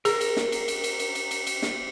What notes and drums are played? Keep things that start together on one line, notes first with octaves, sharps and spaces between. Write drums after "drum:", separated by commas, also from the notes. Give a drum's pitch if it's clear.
G#4 A#4, drum: cymbal
drum: cymbal
drum: snare
drum: cymbal
drum: cymbal
drum: cymbal
drum: cymbal
drum: cymbal
drum: cymbal
drum: cymbal
drum: snare